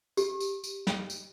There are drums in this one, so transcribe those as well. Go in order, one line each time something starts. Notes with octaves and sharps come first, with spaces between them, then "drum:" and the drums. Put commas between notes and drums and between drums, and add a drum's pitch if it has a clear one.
G4, drum: tambourine
drum: tambourine
drum: tambourine
drum: snare
drum: tambourine